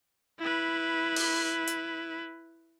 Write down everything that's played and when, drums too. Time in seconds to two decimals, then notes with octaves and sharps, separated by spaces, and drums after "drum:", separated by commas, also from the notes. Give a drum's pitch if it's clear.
0.39 E4 B4
1.16 drum: open hi-hat
1.67 drum: hi-hat